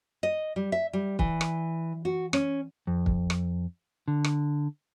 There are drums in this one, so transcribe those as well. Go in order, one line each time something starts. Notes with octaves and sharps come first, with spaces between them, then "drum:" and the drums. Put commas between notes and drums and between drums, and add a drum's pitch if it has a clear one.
D#5
G3
E5
G3
E3, drum: kick
drum: rim click
F#4
C#4, drum: rim click
F2
drum: kick
drum: rim click
D3
drum: rim click